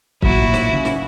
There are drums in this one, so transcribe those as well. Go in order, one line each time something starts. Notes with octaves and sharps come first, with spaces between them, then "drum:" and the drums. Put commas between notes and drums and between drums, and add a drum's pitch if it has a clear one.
A1 A#2 F#3 E4 F#4, drum: kick
drum: snare
C#3
drum: snare